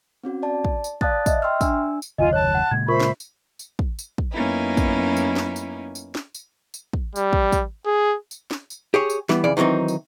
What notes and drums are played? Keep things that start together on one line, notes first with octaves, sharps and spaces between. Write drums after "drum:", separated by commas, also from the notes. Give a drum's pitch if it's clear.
C4 C#4 F#4
D5 A5
drum: kick
drum: tambourine
D5 F5 A5 D#6 F#6 A6, drum: kick
D#5 E5, drum: kick, tambourine
E5 G5 C6 C#6 E6 F6
D4 G#5 E6, drum: kick, tambourine
drum: tambourine
F#1 D#2 C3 F4 D#5 G#5
C#5 A5 F#6
F#5
A#2 C#3 G#3 G#6
F4 A#4 C5 E5 B5 C#6
drum: snare
drum: tambourine
drum: tambourine
drum: kick
drum: tambourine
drum: kick
F#2 A#3 B3 C#4 D#4 E4
drum: kick, tambourine
drum: tambourine
drum: snare
drum: tambourine
drum: tambourine
drum: snare
drum: tambourine
drum: tambourine
drum: kick
G3, drum: tambourine
drum: kick
drum: kick, tambourine
G#4
drum: tambourine
drum: snare
drum: tambourine
G4 G#4 C#5
drum: tambourine
E3 G3 B3, drum: snare
F2 C#3 E3 D5
D#3 E3 F#3 C4 D#4
drum: tambourine